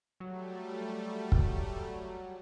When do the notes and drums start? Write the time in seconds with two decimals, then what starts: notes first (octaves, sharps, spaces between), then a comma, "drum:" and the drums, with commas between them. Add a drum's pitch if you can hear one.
0.20 F#3 G3 A3
1.32 drum: kick